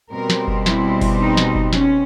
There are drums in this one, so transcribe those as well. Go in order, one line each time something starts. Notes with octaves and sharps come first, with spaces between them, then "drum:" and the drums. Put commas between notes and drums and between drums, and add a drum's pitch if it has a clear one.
B2 G3 C4 A#4
drum: snare
drum: kick F#1
E4, drum: snare
drum: kick F#1, open hi-hat
D#4
drum: snare
drum: kick F#1
C#4, drum: snare